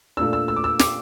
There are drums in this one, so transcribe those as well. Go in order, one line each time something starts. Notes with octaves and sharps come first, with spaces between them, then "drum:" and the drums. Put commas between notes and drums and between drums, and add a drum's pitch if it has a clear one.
A#2 A3 D4 E6
E6
E6
D6
E6
D6, drum: snare